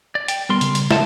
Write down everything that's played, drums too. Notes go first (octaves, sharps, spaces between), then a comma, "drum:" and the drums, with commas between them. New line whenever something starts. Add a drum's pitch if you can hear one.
D5
G5, drum: hi-hat
B1 G3 B3 A#4 C6
C#3, drum: hi-hat
drum: hi-hat
C#3 F3 E5 A5, drum: snare